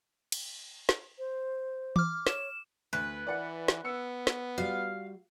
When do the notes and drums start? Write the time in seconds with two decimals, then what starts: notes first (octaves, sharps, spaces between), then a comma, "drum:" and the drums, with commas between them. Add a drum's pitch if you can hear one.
0.32 drum: cymbal
0.89 drum: snare
1.19 C5
1.96 D6 F6, drum: tom E3
2.27 C#5 E7, drum: snare
2.93 D2 B4
3.27 E3 D5 F#5 C#7
3.68 drum: snare
3.85 B3 E6 C#7
4.27 drum: snare
4.58 G3 F4 F#4 F5